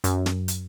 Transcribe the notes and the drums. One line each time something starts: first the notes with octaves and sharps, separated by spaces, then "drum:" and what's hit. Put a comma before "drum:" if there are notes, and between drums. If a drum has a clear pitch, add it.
F#2, drum: hi-hat
drum: snare
drum: hi-hat